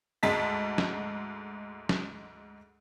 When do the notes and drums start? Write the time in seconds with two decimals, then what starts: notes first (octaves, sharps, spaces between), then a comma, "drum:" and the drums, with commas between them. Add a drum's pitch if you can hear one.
0.23 D2 G#2 G#3 A5 B6
0.78 drum: snare
1.89 drum: snare